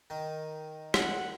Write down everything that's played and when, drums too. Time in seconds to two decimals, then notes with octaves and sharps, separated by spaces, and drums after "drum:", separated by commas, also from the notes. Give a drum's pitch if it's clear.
0.10 D#3
0.94 F#5, drum: rim click